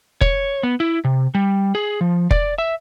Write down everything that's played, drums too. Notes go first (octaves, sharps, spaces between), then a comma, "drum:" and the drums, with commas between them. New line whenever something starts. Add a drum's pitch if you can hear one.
C#5, drum: kick F1
B3
E4
C3
G3
G#4
F3
D5, drum: kick F1
E5